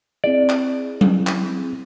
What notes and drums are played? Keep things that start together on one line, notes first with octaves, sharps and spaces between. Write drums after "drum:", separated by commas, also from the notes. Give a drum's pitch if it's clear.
C4 E4 G#4 D5
drum: clap
drum: tom F#3
drum: clap